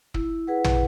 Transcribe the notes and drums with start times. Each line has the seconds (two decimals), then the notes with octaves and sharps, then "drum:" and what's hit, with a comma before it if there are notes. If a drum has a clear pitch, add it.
0.14 E4, drum: kick
0.47 G#4 B4 F#5
0.64 drum: tom